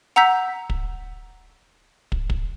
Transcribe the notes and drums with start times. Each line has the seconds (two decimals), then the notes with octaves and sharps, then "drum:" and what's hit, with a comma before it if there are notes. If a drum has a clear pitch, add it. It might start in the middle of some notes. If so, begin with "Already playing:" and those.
0.16 F#5 A#5 E6 G6 B6
0.70 drum: kick
2.12 drum: kick
2.30 drum: kick